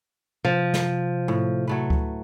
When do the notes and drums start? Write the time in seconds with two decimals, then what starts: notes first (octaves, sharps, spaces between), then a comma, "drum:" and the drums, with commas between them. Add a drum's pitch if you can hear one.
0.45 C3 F3
0.74 drum: snare
1.28 A2
1.67 F#3 A3 B4
1.90 drum: kick D2